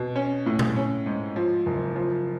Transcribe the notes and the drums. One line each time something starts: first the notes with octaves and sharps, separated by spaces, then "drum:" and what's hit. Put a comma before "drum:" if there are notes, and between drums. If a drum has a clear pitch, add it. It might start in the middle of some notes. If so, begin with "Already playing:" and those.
Already playing: B2
C#4
A2
drum: tom A#2
C#4
G#2
F3
F#1
F3